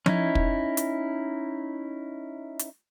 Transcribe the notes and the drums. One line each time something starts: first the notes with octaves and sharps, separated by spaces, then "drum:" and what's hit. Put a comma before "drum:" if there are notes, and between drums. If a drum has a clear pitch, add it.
C#4 D#4 E4, drum: tom F3
drum: kick
drum: hi-hat
drum: hi-hat